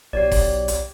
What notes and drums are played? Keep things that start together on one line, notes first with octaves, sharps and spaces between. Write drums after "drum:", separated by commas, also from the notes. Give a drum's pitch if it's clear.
B1 G4 C#5 D5
drum: kick F1, open hi-hat
drum: hi-hat